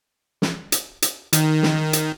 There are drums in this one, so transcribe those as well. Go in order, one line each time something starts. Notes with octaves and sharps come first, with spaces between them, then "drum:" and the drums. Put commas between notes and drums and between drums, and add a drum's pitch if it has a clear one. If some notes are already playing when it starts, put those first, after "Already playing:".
drum: snare
drum: hi-hat
drum: hi-hat
D#3, drum: hi-hat
drum: snare
drum: hi-hat